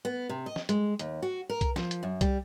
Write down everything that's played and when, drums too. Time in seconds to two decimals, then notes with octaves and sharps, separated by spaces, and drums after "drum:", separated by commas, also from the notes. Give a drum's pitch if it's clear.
0.05 B3
0.29 C3
0.46 D#5
0.56 drum: snare
0.69 G#3, drum: hi-hat
0.99 D#2, drum: hi-hat
1.22 F#4
1.50 A#4
1.61 drum: kick C2, hi-hat
1.76 F3, drum: snare
1.91 drum: hi-hat
2.03 F#2
2.21 G3, drum: kick C2, hi-hat